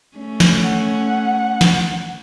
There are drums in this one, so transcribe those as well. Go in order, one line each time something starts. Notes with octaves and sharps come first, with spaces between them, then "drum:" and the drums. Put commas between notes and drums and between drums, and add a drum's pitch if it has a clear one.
A3 C#4
drum: snare
F#5
drum: snare